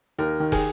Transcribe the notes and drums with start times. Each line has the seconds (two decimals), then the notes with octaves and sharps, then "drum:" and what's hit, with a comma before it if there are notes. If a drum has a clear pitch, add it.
0.18 D#2 A#4, drum: hi-hat
0.40 D#3
0.52 G#4, drum: kick, open hi-hat